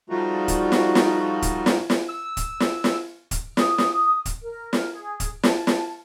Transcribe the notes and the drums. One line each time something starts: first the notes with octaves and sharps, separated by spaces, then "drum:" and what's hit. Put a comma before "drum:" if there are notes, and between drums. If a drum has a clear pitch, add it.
F3 G3 A3 D#4 F4 F#4
drum: kick, hi-hat
drum: snare
drum: snare
drum: kick, hi-hat
drum: snare
drum: snare
E6
drum: kick, hi-hat
drum: snare
drum: snare
drum: kick, hi-hat
D#6, drum: snare
drum: snare
drum: kick, hi-hat
A#4
drum: snare
G#4
drum: kick, hi-hat
A5, drum: snare
drum: snare